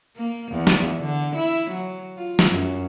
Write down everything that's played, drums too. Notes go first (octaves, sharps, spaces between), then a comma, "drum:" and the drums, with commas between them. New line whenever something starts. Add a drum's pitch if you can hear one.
A#3
E2
drum: snare
D3
E4
F#3
F4
drum: snare
F#2